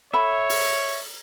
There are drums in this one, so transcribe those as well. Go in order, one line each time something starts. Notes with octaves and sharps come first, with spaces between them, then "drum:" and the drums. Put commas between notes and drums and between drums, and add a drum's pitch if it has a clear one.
A4 C#5 E5 F#5 B5
drum: open hi-hat